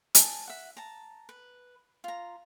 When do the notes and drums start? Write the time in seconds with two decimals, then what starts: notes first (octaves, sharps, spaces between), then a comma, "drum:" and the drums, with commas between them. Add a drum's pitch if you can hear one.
0.15 G#5 A5, drum: hi-hat
0.47 E5 F#5
0.77 A5 A#5
1.29 B4
2.04 F4 A#5